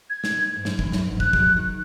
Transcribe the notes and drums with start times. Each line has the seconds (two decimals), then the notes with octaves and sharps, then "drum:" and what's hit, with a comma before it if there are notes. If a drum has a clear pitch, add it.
0.10 G#6
0.24 drum: snare
0.56 G#2
0.65 F#2, drum: snare
0.79 E2, drum: kick
0.92 F#2, drum: snare
1.07 G#2
1.20 F#6, drum: kick
1.33 G#3, drum: kick
1.39 F#3
1.57 D#3